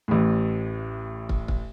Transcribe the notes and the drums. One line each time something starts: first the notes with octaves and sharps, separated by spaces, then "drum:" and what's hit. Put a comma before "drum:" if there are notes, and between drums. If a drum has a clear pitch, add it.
A1 A2
drum: kick
drum: kick